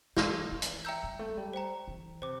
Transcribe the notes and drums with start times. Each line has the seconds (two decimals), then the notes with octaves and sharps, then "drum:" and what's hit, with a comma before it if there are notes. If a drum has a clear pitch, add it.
0.17 E3 F5 C6 G6, drum: snare
0.52 E3
0.62 drum: hi-hat
0.85 E5 G5 A#5 E6 G6
1.03 G3
1.19 A3
1.37 G3
1.53 C5 G5 A#5
1.88 E3
2.22 C3 C5 G5 D6